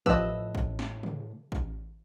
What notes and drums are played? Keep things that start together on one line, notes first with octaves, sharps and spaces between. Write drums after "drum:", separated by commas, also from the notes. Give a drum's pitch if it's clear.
A2 F3 G4 B4 D#5 E6, drum: kick A1
drum: kick A1
drum: snare
drum: tom
drum: kick A1